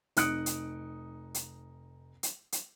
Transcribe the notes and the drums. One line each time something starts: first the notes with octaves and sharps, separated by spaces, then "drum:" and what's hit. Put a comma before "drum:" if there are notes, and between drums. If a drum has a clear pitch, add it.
F1 D#4 D#6 F#6 C#7 D7, drum: hi-hat
drum: hi-hat
drum: hi-hat
drum: hi-hat
drum: hi-hat